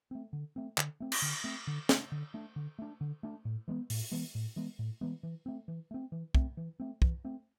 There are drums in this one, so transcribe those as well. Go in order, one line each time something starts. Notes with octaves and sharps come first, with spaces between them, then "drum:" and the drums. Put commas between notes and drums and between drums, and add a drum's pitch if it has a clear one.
A3 C4
D3
A3 C4
D3, drum: clap
A3 C4
drum: cymbal
D3
A3 C4
D3
A3 D4, drum: snare
D3
A3 D4
D3
A3 D4
D3
A3 D4
A2
E3 G#3 B3
A2, drum: open hi-hat
E3 G#3 B3
A2
E3 G#3 B3
A2
E3 G#3 B3
E3
A3 C4
E3
A3 C4
E3
A3 C4, drum: kick
E3
A3 C4
E3, drum: kick
A3 C4